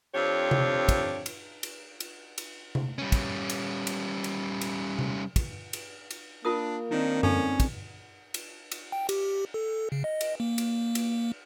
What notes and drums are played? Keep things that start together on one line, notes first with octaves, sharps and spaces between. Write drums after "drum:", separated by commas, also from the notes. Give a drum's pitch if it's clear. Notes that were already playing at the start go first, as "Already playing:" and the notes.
F2 C4 D4 G4 C#5
drum: tom C3
drum: kick, cymbal
drum: cymbal
drum: cymbal
drum: cymbal
drum: cymbal
drum: tom C3
G3 C#4
drum: kick, cymbal
drum: cymbal
drum: cymbal
drum: cymbal
drum: cymbal
drum: tom C3
drum: kick, cymbal
drum: cymbal
drum: cymbal
A#3 D4 F4 A#4 D#6
D#3 C4 D4 D#4
C#4 A4, drum: tom F#2
drum: kick, cymbal
drum: cymbal
drum: cymbal
G5
G4, drum: cymbal
A4
C#3
D#5
drum: cymbal
A#3
drum: cymbal
drum: cymbal